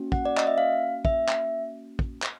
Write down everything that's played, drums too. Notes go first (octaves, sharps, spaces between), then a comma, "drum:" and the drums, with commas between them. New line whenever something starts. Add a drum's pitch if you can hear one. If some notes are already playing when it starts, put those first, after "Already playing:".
Already playing: A#3 C#4 F#4
F#5, drum: kick
D5
D#5, drum: clap
E5
F5
E5, drum: kick
drum: clap
drum: kick
drum: clap